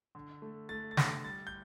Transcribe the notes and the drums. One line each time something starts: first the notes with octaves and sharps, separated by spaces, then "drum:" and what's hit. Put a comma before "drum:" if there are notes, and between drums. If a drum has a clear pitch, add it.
D3
A3
A3 A6
A6
D3 A#6, drum: snare
G3 A6
G6